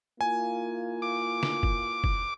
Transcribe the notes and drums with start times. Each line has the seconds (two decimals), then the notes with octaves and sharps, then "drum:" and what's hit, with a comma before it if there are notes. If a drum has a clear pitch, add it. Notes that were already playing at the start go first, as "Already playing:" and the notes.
0.21 A#3 E4 F4 G#5
1.02 D6
1.43 drum: snare
1.63 drum: kick
2.04 drum: kick